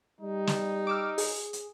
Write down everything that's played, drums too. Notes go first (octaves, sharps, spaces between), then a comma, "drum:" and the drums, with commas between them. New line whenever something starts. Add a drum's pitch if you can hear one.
G3 D#4
drum: snare
D6 E6 F6
G#4, drum: open hi-hat
drum: hi-hat